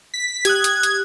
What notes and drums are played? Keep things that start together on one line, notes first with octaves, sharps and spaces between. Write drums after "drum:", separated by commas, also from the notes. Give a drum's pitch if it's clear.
B6
G4 D#6 F#6 G#6, drum: hi-hat
drum: hi-hat
drum: hi-hat